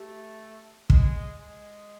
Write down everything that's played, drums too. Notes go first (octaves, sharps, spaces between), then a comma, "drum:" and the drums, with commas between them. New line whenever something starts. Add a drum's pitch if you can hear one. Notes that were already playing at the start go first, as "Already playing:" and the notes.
Already playing: A3 G4
G#3, drum: kick
G#3